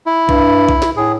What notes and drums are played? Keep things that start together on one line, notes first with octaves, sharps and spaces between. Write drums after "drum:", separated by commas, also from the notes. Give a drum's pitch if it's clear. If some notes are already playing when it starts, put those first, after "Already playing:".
E4
G2, drum: kick B1
drum: kick B1
drum: snare
A2 G#4